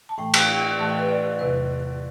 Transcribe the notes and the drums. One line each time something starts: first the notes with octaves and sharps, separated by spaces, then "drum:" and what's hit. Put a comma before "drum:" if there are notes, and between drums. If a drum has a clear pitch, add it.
A5
A2 E3 A3 G5
G5, drum: cymbal
G5
A2 E3 A3 A5
G5
B4
D5
E2 C3 F#3 B4